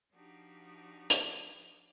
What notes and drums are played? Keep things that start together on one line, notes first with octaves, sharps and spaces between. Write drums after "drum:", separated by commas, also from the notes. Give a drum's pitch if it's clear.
F3 D4 D#4 F#4 G4
drum: hi-hat